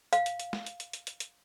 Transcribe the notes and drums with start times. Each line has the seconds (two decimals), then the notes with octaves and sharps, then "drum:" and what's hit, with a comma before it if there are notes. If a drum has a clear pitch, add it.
0.13 F5, drum: hi-hat
0.26 drum: hi-hat
0.40 drum: hi-hat
0.53 drum: snare
0.66 drum: hi-hat
0.80 drum: hi-hat
0.93 drum: hi-hat
1.07 drum: hi-hat
1.20 drum: hi-hat